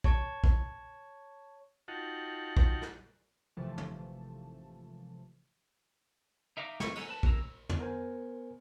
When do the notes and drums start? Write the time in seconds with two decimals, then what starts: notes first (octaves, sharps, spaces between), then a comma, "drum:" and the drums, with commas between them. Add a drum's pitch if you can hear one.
0.04 C#5 A5 C#6, drum: kick
0.44 drum: kick
1.88 D#4 F4 F#4 F#5 G5 A5
2.57 drum: kick
2.82 drum: rim click
3.57 G#1 C3 E3 F3 A3 A5
3.78 drum: tom
6.57 D#4 E5 F5 A#5 D6
6.80 C4 F4 C#6, drum: snare
6.95 G#3 B3 D#4 G#4 A4, drum: cymbal
7.09 B4 A5
7.23 C#3 A#3 A#5 E6, drum: kick
7.69 drum: tom
7.79 B3 A#4 C5 G#5